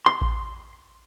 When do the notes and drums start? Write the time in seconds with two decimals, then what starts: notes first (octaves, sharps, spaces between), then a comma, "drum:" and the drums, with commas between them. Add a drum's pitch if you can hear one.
0.06 C6
0.21 drum: kick A1